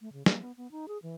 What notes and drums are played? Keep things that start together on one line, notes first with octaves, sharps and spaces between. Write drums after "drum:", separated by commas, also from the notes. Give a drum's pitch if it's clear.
A3
C#3
A#3, drum: snare
B3
B3
D#4
G#4
E3